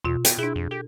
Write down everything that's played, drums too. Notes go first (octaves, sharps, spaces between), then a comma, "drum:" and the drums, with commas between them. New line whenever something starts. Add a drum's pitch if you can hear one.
E2 B2 F4
B2 G5, drum: hi-hat
D4 E4 G#4
F2
G4 A4